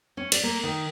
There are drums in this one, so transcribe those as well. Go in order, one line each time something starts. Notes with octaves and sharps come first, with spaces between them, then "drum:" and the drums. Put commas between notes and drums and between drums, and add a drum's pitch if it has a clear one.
C#4
D5, drum: cymbal
A#3
D#3